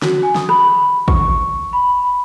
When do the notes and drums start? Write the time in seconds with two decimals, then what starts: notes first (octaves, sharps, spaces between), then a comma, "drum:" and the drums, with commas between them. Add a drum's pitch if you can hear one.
0.02 F#4, drum: snare
0.23 G#5
0.35 D#6, drum: snare
0.49 B5, drum: rim click
1.08 C#6, drum: kick
1.73 B5
2.03 B5